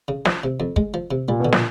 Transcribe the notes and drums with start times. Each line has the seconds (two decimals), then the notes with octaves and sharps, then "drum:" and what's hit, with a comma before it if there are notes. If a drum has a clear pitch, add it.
0.08 C#3
0.25 F3, drum: snare
0.44 C3
0.60 F2
0.76 G#3, drum: kick
0.94 F3
1.11 C3
1.28 A#2 G3
1.40 B2 D3
1.52 A#2, drum: snare